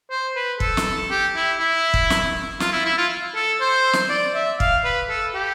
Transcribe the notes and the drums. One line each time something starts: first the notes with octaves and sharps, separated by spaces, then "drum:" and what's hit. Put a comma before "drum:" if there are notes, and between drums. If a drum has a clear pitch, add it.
C5
B4
A4, drum: kick
drum: snare
G4
E4
E4
drum: kick
drum: snare
F4, drum: snare
E4
E4
F4
A4
C5
drum: snare
D5
E5
F5, drum: kick
B4
A4
G4